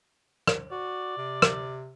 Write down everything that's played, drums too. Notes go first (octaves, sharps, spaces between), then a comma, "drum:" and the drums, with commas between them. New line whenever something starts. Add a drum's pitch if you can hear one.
drum: rim click
F#4 D5
C3
drum: rim click